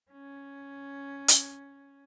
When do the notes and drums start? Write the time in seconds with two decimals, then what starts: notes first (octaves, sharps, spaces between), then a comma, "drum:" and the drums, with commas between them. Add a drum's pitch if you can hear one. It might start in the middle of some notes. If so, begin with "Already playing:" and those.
0.11 C#4
1.28 drum: hi-hat